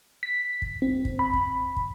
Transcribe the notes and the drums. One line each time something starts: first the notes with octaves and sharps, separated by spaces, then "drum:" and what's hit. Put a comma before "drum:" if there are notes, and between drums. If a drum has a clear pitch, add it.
B6
drum: kick
C4
drum: kick
B5
drum: kick
drum: kick